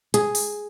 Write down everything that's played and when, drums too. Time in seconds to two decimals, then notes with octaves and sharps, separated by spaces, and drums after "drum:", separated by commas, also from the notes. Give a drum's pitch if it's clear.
0.14 G#4, drum: hi-hat
0.35 drum: open hi-hat